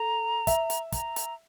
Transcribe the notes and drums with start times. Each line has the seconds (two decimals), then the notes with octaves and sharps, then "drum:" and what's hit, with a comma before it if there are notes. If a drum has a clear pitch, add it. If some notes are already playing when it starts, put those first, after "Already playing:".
Already playing: A4 A#5
0.47 E5, drum: kick, hi-hat
0.70 drum: hi-hat
0.92 A#5, drum: kick, hi-hat
1.16 drum: hi-hat